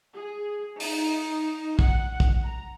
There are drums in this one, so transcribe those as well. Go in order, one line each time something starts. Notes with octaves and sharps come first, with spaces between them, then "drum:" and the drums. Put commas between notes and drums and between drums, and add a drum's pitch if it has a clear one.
G#4
D#4, drum: open hi-hat
F#5, drum: kick
drum: kick
A#5